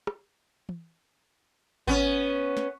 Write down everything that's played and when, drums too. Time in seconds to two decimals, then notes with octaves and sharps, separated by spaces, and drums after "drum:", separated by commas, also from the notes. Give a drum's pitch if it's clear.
0.07 drum: rim click
0.69 drum: tom
1.87 B3 C#4, drum: kick G#1
2.57 drum: snare